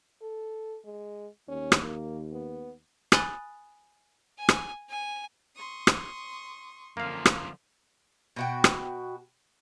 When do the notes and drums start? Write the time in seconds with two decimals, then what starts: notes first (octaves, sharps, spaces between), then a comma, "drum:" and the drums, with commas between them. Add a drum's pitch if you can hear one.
0.22 A4
0.85 G#3
1.49 D#2 C#4
1.72 drum: rim click
1.84 A#3
2.33 B3
3.12 G#5 B5 D#6 F#6 A6 G7, drum: rim click
4.39 G#5
4.49 drum: rim click
4.90 G#5
5.55 C6 C#6 D#6
5.87 drum: rim click
6.97 F#2 D3 F3 A#3 F5
7.25 drum: rim click
8.36 B2 F#4 G5
8.64 drum: rim click